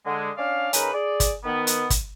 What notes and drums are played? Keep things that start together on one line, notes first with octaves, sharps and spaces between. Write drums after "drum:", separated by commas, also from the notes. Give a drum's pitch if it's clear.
D3 G#3
C#4 D4 D5 F5
C#3 C#4 D#4 A#4 B4, drum: hi-hat
G#4 D5
drum: kick, hi-hat
D#3 B3
drum: hi-hat
drum: kick, hi-hat